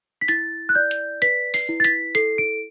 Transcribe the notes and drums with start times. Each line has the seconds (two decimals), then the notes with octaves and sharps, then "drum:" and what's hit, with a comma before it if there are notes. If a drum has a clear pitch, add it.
0.21 B6
0.28 E4 A6, drum: hi-hat
0.69 F#6
0.75 D5 G6
0.91 drum: hi-hat
1.22 B4 B6, drum: hi-hat
1.54 C7, drum: open hi-hat
1.69 E4
1.80 A6
1.84 B6, drum: hi-hat
2.15 A4 C7, drum: hi-hat
2.38 D7